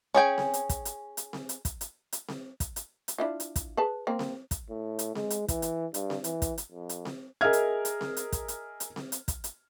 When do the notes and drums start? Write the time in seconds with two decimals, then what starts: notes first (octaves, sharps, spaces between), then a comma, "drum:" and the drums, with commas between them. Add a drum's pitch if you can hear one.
0.14 C#4 G#4 G5 G#5
0.38 drum: snare C4
0.54 drum: hi-hat
0.69 drum: kick, hi-hat
0.85 drum: hi-hat
1.17 drum: hi-hat
1.33 drum: snare C4
1.49 drum: hi-hat
1.65 drum: kick, hi-hat
1.81 drum: hi-hat
2.13 drum: hi-hat
2.28 drum: snare C4
2.60 drum: kick, hi-hat
2.76 drum: hi-hat
3.08 drum: hi-hat
3.18 D4 E4 F4
3.40 drum: hi-hat
3.56 drum: kick, hi-hat
3.77 G#4 B4 A5
4.07 A#3 C4
4.19 drum: snare C4
4.51 drum: kick, hi-hat
4.70 A2
4.99 drum: hi-hat
5.15 G#3, drum: snare C4
5.30 drum: hi-hat
5.48 E3, drum: kick, hi-hat
5.62 drum: hi-hat
5.94 G2, drum: hi-hat
6.10 drum: snare C4
6.24 E3, drum: hi-hat
6.42 drum: kick, hi-hat
6.58 drum: hi-hat
6.72 F2
6.89 drum: hi-hat
7.05 drum: snare C4
7.41 G#4 A#4 D#5 E5 F6 G#6
7.53 drum: hi-hat
7.85 drum: hi-hat
8.01 drum: snare C4
8.17 drum: hi-hat
8.32 drum: kick, hi-hat
8.48 drum: hi-hat
8.80 drum: hi-hat
8.96 drum: snare C4
9.12 drum: hi-hat
9.28 drum: kick, hi-hat
9.44 drum: hi-hat